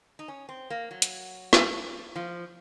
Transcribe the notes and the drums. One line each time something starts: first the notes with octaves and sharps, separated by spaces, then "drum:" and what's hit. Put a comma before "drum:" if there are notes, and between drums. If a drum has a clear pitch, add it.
D#4
C#4
C4
A#3
F#3
drum: hi-hat
drum: snare
F3